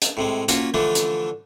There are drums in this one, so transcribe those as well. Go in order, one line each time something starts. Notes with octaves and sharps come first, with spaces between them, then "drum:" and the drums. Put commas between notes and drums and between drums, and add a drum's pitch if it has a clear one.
drum: hi-hat
A2 C3 G#3
A#3 C#4 F4 F#4, drum: hi-hat
D3 E3 F3 A3 D4
drum: hi-hat